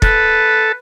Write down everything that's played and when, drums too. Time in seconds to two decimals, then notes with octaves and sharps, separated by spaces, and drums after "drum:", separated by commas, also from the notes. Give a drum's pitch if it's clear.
0.02 A4 B4, drum: kick